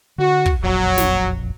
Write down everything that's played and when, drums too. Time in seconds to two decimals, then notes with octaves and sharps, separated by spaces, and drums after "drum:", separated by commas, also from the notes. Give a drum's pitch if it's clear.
0.18 D3 F#4
0.46 drum: kick
0.63 E1 A#1 F2 F#3
0.98 drum: snare